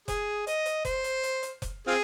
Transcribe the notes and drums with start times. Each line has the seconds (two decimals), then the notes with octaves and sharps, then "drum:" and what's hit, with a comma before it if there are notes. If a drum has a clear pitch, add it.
0.08 G#4, drum: kick F1, hi-hat
0.47 D#5, drum: hi-hat
0.66 drum: hi-hat
0.85 C5, drum: kick F1, hi-hat
1.04 drum: hi-hat
1.23 drum: hi-hat
1.43 drum: hi-hat
1.62 drum: kick F1, hi-hat
1.87 C4 F4 G#4